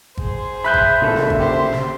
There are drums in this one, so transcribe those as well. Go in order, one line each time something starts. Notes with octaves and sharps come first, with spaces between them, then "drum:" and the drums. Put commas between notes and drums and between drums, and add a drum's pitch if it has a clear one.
G#4 C5, drum: kick G#1
E5 B5 F#6 G6
drum: kick G#1
A#2 C#3 A4
drum: snare
drum: kick G#1
G4 C5
drum: snare